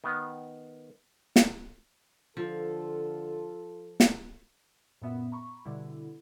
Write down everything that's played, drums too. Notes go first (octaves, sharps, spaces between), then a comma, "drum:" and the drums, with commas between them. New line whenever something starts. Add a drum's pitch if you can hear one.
D#3 B3
drum: snare
D3 F3 F4 A4
drum: snare
F#2 A#2 B3 E5
A#5 B5 C#6
B2 D3 G3 E4